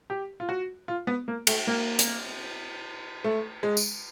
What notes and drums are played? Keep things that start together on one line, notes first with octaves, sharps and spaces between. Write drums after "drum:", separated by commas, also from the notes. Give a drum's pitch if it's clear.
G4
F4
F#4
F4
B3
A#3
A3, drum: cymbal
A#3
drum: hi-hat
A3
G#3
drum: tambourine